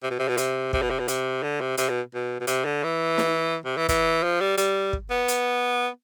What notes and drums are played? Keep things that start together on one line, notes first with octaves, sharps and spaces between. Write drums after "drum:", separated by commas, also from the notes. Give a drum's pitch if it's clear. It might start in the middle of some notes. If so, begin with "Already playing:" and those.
C3
B2
C3
B2
C3, drum: hi-hat
C3, drum: kick
B2
C3
B2
C3, drum: hi-hat
D3
C3
C3, drum: hi-hat
B2
B2
B2
C3, drum: hi-hat
D3
E3
drum: snare
C3
E3
E3, drum: kick, hi-hat
F3
G3
G3, drum: hi-hat
drum: kick
B3
drum: hi-hat